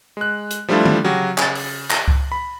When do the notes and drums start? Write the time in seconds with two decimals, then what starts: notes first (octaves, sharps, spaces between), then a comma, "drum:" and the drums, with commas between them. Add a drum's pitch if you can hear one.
0.17 G#3 F#6
0.51 drum: hi-hat
0.68 F3 G3 A3 D4 E4 F4
0.86 drum: tom D3
1.04 C#3 F#3 F#4 G4
1.38 C#3 A6, drum: clap
1.55 drum: open hi-hat
1.90 A#6, drum: clap
2.08 drum: kick C#2
2.32 B5